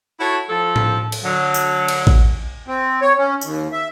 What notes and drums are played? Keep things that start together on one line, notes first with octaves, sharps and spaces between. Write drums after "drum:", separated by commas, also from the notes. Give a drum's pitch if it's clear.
E4 F#4 A4 C#5
F3 A4
drum: tom A2
drum: cymbal
D3 F#3
drum: tambourine
drum: cymbal
drum: kick
C4
C#5
C#4
D#2, drum: tambourine
E5